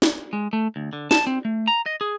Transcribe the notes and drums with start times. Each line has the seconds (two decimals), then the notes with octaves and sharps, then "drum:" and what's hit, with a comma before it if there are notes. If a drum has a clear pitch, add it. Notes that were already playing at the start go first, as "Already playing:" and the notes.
0.02 drum: snare
0.33 G#3
0.53 A3
0.76 D2
0.93 D3
1.11 A5, drum: snare
1.27 C4
1.45 A3
1.68 A#5
1.86 D#5
2.01 G#4